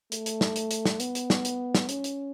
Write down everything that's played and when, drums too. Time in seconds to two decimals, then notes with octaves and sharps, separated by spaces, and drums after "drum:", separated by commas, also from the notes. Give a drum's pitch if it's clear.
0.12 A3, drum: hi-hat
0.26 drum: hi-hat
0.41 drum: snare
0.56 drum: hi-hat
0.71 drum: hi-hat
0.85 drum: snare
1.00 B3, drum: hi-hat
1.15 drum: hi-hat
1.30 drum: snare
1.45 drum: hi-hat
1.75 drum: snare
1.89 C#4, drum: hi-hat
2.04 drum: hi-hat